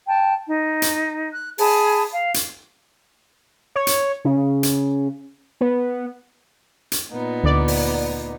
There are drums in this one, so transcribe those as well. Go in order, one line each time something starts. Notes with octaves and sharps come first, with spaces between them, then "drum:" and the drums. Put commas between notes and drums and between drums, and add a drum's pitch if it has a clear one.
G5 A5
D#4
drum: hi-hat
F#6
G#4 A5 B5, drum: open hi-hat
F5
drum: hi-hat
C#5
drum: hi-hat
C#3
drum: hi-hat
B3
drum: hi-hat
A#2 B3 D#4
D2 D5
drum: open hi-hat